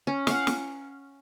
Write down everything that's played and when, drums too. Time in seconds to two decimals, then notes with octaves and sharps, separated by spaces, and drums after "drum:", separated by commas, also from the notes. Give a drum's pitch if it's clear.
0.07 C#4
0.27 F5 F#5, drum: snare
0.47 drum: snare